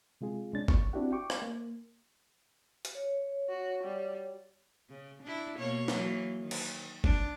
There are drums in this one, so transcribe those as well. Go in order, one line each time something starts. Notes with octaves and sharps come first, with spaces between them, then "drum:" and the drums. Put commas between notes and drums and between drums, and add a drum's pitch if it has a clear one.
C3 G#3 F4 G#4
C2 G#3 C#4 D4 A6
C#6, drum: kick G1
C4 D4 E4 F#4 G4 F#5
G5 C#6 D6
drum: rim click
A#3
drum: hi-hat
C#5
F#4
G3
C#3
D4 E4
B2 A#3 C#5
E3 F#3 A#3, drum: snare
D#3
drum: cymbal
D4, drum: kick G1